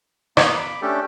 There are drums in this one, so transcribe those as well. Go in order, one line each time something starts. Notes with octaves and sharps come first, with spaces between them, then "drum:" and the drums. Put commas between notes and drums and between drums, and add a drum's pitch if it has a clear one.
A#3 B3 D6, drum: rim click
B5 D6
A3 C#4 D4 G4 A4